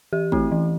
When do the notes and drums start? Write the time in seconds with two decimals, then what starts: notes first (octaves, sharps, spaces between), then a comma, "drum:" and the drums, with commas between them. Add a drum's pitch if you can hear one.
0.13 E3 G4
0.32 A3 C4 E4, drum: kick G#1
0.52 E3